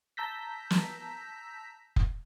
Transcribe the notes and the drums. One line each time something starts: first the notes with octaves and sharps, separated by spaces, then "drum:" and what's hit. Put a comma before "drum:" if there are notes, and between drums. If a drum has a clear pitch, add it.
A5 A#5 E6 G6 A#6 B6
drum: snare
drum: kick F1